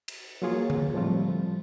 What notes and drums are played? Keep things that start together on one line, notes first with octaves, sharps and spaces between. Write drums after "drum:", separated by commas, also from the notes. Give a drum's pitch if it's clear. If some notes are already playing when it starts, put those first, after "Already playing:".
drum: cymbal
F#3 A#3 F4 G#4 C#5
drum: tom D3
A2 F3 G3 A3 C4 F4